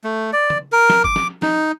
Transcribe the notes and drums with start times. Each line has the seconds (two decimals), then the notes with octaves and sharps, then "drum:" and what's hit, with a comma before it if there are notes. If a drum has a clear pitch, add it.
0.04 A3
0.33 D5
0.50 drum: tom
0.72 A#4
0.90 drum: snare
1.04 D6, drum: kick G1
1.16 drum: snare
1.42 D#4, drum: snare